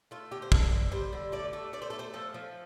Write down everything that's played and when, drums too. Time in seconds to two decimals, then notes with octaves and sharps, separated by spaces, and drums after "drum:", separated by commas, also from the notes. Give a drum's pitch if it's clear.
0.11 A3 F4
0.31 D3 G4
0.42 C5
0.52 D3 A4, drum: kick
0.72 D3
0.92 G3 C5
1.13 D3
1.32 A3 D5
1.53 A3
1.73 A3 D5
1.82 C5
1.90 A3 A4
1.99 C5
2.14 F3 A4
2.34 F3